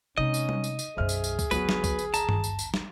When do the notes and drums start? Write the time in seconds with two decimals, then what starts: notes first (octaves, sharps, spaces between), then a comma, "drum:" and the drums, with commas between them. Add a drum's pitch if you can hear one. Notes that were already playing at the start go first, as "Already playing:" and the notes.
0.18 C3 G#3 C#4 D#4 D#5
0.34 drum: tambourine
0.49 drum: tom G3
0.64 drum: tambourine
0.79 drum: tambourine
0.97 B1 F#2 G#4 C5 E5 F6
1.09 drum: tambourine
1.24 drum: tambourine
1.39 drum: kick C#2, tambourine
1.51 G#1 D2 F#3 B3 F#4 B4, drum: tambourine
1.69 drum: snare
1.84 drum: kick C#2, tambourine
1.99 drum: tambourine
2.14 A5 A#5, drum: tambourine
2.29 drum: tom G2
2.44 drum: tambourine
2.59 drum: tambourine
2.74 drum: snare